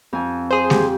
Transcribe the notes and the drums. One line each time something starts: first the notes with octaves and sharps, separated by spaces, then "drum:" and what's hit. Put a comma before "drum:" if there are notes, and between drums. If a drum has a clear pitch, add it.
F2 G#5
G#4 C5
G4, drum: snare G#3